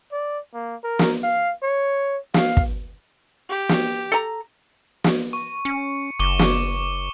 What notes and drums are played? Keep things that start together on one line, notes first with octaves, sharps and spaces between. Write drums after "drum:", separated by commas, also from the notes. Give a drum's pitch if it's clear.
D5
A#3
A#4
drum: snare
F5
C#5
F5, drum: snare
drum: kick
G4
drum: snare
A4 A#5
drum: snare
C#6
C#4 C#7
F#1 C#6 D6 G7
drum: snare